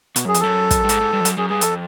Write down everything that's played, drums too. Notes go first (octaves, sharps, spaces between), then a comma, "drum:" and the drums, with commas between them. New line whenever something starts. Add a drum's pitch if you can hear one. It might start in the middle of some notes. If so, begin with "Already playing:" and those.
B2, drum: hi-hat
F#2 G#4
F2, drum: hi-hat
F#2 A4
drum: kick, hi-hat
G2
G#2, drum: hi-hat
G#2
G2
F2
F#2, drum: hi-hat
F#2 G#4
G2 G#4
F2 A4, drum: hi-hat